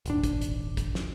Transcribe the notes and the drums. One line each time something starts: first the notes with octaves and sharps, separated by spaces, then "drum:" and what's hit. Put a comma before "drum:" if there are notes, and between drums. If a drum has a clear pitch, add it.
D#1 G#1 D4, drum: hi-hat
drum: kick, hi-hat
drum: hi-hat
drum: kick, hi-hat
drum: snare